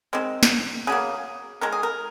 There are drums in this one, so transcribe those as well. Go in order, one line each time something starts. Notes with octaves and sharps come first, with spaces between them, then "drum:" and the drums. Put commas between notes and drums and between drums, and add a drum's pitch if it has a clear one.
D#3 G#3 C4
drum: snare
C#3 F#3 A#3 G#4
D#3 G#3 A#4
G#4
A#4